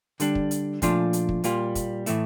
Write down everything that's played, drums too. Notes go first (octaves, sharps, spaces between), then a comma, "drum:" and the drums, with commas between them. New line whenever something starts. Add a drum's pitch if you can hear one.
D3 G3 D4, drum: hi-hat
drum: kick
drum: hi-hat
A#2 F3 A3 D4 F4, drum: kick, hi-hat
drum: hi-hat
drum: kick
A#2 G3 A#3 F4, drum: hi-hat
drum: kick, hi-hat
A2 E3 A3 E4, drum: hi-hat